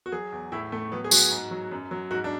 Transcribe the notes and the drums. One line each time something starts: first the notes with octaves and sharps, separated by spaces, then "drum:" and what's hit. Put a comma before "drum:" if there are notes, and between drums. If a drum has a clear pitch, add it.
F#4
F#3 G#4
E2
A2 E4
A2 A3
F#3 B3
G#4
F#3 F#4, drum: tambourine
G#2
F#3
F#2
F#3
G#2 F#4
D4